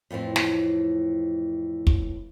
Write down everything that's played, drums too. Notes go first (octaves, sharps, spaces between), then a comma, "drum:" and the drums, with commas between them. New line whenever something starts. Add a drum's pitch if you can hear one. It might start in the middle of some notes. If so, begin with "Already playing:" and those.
F2 A2 E3 C4
drum: snare
drum: kick